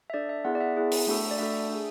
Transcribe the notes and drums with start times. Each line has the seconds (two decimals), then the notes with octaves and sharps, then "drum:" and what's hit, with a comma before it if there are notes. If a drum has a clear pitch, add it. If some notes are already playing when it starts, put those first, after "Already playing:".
0.10 E5
0.14 D4 A4 D5
0.29 E5
0.45 B3 E4 G#4 F#5
0.55 D5
0.60 E5
0.77 B3 E4 G#4
0.92 drum: open hi-hat
1.07 A3 D4 F#4 A4
1.31 D5
1.38 A3 D4 F#4 A4 E5
1.70 D4 G#4